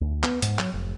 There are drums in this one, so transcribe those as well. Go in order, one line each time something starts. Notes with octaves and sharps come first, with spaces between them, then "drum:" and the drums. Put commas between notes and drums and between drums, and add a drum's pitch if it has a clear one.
D2
B3, drum: clap
G#2, drum: hi-hat
F#3, drum: clap
F1